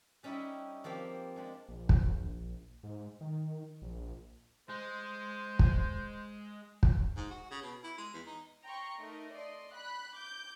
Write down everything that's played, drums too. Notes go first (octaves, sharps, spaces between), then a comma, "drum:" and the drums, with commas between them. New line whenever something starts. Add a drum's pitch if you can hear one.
G3 C#4 D#4 E4 G4 E5
F3 A#3 C4 G4
G#3 D4 G4
A#1
drum: kick
G#2
D#3
A#1
G#3 C5
drum: kick
drum: kick
G#2
F#4
C#3
B2
E4
G#3
E2
D#4
G5 A#5 C6 C#6
A3 D#4 A#4
D5 D#5 C6
B5 F#6
D6 G6